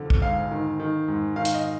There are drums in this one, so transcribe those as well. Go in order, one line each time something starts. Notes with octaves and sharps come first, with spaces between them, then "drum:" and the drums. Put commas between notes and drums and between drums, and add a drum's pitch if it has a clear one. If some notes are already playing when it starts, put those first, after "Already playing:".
Already playing: F2 D3
drum: kick
G#2 F5
D#3
D#3
G#2
D#3 F5
drum: hi-hat
D#5